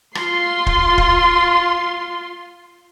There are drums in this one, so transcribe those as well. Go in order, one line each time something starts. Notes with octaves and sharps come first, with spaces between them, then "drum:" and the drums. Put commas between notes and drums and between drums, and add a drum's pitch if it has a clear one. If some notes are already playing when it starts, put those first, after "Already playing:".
F4 C6, drum: rim click
drum: kick
drum: kick